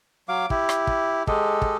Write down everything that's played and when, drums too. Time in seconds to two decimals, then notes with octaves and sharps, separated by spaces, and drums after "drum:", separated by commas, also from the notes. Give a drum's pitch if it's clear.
0.29 F#3 F5 D6
0.50 E4 G4, drum: kick
0.69 drum: rim click
0.87 drum: kick
1.27 G#3 G4 A4 D#5, drum: kick
1.62 drum: kick